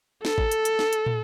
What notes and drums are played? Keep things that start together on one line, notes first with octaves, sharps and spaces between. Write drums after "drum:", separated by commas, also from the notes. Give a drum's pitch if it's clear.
A4, drum: snare
drum: kick
drum: hi-hat
drum: hi-hat
drum: snare
drum: hi-hat
drum: tom